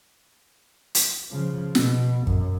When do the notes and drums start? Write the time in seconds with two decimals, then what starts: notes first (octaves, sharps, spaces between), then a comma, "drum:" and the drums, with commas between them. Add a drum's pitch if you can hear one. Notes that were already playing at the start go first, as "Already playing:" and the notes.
0.95 drum: hi-hat
1.31 C#3 F3
1.75 B2, drum: snare
2.27 F#2, drum: kick